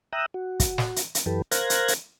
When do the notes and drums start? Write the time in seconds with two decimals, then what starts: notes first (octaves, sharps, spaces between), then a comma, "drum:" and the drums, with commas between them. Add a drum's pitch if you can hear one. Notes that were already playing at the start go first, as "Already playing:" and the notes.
0.13 E5 G5 A#5 D#6 E6 F#6
0.34 F#4
0.60 drum: kick, hi-hat
0.78 drum: snare
0.96 drum: hi-hat
1.15 drum: hi-hat
1.26 F#2 E3 G4 A4 B4
1.51 A#4 C5 F5 F#6 G#6 A#6, drum: hi-hat
1.70 drum: hi-hat
1.88 drum: hi-hat